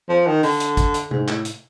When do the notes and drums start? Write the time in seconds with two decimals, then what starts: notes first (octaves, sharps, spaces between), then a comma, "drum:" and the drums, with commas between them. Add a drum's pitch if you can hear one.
0.09 F3
0.27 D#3
0.43 D3, drum: open hi-hat
0.60 drum: hi-hat
0.77 drum: kick, hi-hat
0.94 drum: hi-hat
1.11 G#2, drum: tom C3
1.28 A2, drum: clap
1.45 drum: hi-hat